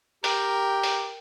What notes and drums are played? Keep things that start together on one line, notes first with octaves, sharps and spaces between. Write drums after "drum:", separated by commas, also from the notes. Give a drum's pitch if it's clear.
G4 A#4 G5, drum: open hi-hat
drum: open hi-hat